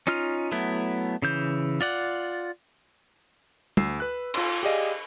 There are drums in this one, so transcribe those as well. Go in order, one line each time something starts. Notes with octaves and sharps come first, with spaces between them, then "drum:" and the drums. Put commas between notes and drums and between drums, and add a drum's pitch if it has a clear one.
C#4 D#4 F4 F6
F#3 A3 B3 E4
C#3 E3 G6
F4 D5 F#5
D2 E6 C7, drum: tom
B4 F#6
F4 C6, drum: cymbal
G4 G#4 D5 D#5 F5